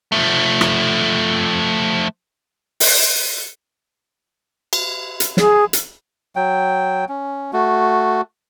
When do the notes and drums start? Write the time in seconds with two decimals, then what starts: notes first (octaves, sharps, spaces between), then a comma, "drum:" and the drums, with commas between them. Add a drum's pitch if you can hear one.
0.12 F3 A3
0.61 drum: rim click
2.80 drum: open hi-hat
4.73 drum: cymbal
5.20 drum: hi-hat
5.37 G#4, drum: snare
5.73 drum: hi-hat
6.36 F#3 G5
7.09 C#4
7.53 A3 F#4